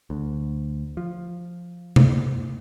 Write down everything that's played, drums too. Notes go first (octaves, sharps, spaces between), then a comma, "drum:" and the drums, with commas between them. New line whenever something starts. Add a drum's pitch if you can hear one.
D2
F3
drum: tom C3